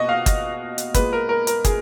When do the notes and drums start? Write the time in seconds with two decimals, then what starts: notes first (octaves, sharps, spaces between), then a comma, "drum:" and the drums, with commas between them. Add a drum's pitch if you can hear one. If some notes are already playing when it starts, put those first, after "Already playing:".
Already playing: B2 A#3 F#4 D#5
0.09 F5
0.26 drum: kick, hi-hat
0.78 drum: hi-hat
0.94 A#2 G#3 B3 B4, drum: kick, hi-hat
1.13 A#4
1.29 A#4
1.47 A#4, drum: hi-hat
1.64 G#4, drum: kick, hi-hat